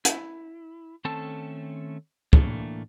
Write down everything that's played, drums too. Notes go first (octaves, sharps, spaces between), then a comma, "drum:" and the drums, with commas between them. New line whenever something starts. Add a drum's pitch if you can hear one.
E4, drum: hi-hat
D#3 A3 C4 C#4 A4 A5
A2 E3 A3 A#3 D4, drum: kick